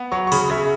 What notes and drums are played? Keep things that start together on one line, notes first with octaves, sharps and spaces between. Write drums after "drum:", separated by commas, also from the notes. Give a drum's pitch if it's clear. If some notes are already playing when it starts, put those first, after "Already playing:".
Already playing: B3
F#3 C#6
C#6
C#3 B5, drum: open hi-hat
C#3 E5